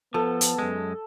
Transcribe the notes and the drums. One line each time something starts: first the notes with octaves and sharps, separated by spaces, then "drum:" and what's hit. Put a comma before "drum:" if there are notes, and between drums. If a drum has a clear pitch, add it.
F3 B3 A4
drum: hi-hat
F#2 G#3